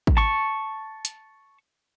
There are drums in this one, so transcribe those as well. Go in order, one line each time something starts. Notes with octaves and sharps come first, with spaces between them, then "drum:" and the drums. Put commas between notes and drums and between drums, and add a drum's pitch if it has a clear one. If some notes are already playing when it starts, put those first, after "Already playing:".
drum: kick
A5 C#6
drum: hi-hat